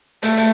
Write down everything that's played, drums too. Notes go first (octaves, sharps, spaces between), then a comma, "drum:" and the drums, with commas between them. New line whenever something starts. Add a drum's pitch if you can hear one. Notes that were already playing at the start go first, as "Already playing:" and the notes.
A3, drum: hi-hat
drum: hi-hat